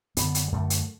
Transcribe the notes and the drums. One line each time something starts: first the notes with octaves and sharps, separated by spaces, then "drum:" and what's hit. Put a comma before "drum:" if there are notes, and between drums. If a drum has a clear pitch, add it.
F#2 D3 B3, drum: hi-hat
drum: hi-hat
G3
F#2 D3 A3
drum: hi-hat